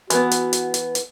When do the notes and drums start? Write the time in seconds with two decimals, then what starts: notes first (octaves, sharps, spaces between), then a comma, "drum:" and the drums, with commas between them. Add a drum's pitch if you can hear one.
0.10 E3 B3 F#4, drum: hi-hat
0.31 drum: hi-hat
0.53 drum: hi-hat
0.74 drum: hi-hat
0.95 drum: hi-hat